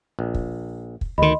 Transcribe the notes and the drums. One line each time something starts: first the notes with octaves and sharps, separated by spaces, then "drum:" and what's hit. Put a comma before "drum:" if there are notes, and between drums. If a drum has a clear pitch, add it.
A#1
drum: kick
drum: kick
D2 D#3 D#5 B5 C6